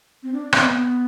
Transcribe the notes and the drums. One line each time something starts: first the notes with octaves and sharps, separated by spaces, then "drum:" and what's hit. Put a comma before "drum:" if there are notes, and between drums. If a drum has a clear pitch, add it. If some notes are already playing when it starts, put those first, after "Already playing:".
C4
D4
C4, drum: rim click
B3